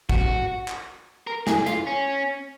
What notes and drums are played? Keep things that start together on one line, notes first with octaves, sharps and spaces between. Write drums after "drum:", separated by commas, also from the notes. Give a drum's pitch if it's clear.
F#4, drum: kick
drum: clap
A#4
G#4, drum: snare
F4, drum: hi-hat
C#4